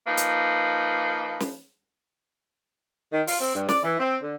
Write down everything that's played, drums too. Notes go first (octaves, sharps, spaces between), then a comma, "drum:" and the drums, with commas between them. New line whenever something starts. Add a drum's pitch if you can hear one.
F3 A#3 D#4 B4
drum: hi-hat
drum: snare
D#3
F4, drum: open hi-hat
C4
G2
D5, drum: snare
E3
C4
D3